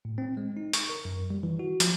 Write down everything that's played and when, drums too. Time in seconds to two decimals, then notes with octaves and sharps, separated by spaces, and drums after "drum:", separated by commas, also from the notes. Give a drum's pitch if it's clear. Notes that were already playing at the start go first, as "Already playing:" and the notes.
0.05 A2
0.18 C4
0.37 G#3
0.57 D#4
0.73 C#6, drum: hi-hat
0.89 A#4
1.05 F#2
1.30 G3
1.43 E3
1.59 F#4
1.80 F3, drum: hi-hat